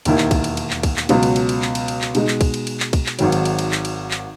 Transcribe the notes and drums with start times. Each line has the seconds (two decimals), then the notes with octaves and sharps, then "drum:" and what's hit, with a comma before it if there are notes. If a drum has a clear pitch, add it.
0.05 E1 D#2 D#3 A#3 E4, drum: cymbal
0.18 drum: clap
0.31 drum: kick, cymbal
0.44 drum: cymbal
0.57 drum: cymbal
0.70 drum: clap
0.83 drum: kick, cymbal
0.97 drum: clap
1.09 C#2 B2 F#3, drum: cymbal
1.23 drum: cymbal
1.36 drum: cymbal
1.49 drum: cymbal
1.62 drum: clap
1.75 drum: cymbal
1.88 drum: cymbal
2.01 drum: clap
2.15 B2 G#3 D#4, drum: cymbal
2.28 drum: clap
2.41 drum: kick, cymbal
2.54 drum: cymbal
2.67 drum: cymbal
2.80 drum: clap
2.93 drum: kick, cymbal
3.06 drum: clap
3.19 G#1 G#2 D#3 F#3, drum: cymbal
3.32 drum: cymbal
3.45 drum: cymbal
3.59 drum: cymbal
3.72 drum: clap
3.85 drum: cymbal
4.11 drum: clap